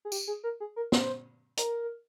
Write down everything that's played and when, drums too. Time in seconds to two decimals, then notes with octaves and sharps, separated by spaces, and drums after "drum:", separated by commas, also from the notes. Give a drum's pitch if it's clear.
0.05 G#4
0.12 G4, drum: tambourine
0.28 G#4
0.44 A#4
0.60 G#4
0.76 A#4
0.92 C5, drum: snare
1.57 A#4, drum: hi-hat